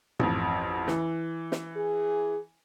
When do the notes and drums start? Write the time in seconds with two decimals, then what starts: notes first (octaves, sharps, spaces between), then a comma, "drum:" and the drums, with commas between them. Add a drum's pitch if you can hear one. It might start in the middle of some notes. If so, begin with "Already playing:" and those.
0.19 A1 F2, drum: tom G#2
0.88 E3, drum: snare
1.52 drum: snare
1.77 G#4